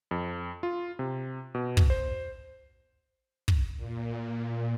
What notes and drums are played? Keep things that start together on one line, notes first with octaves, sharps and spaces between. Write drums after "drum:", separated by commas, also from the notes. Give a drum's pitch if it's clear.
F2
F4
C3
B2
drum: kick
C5
drum: kick
A#2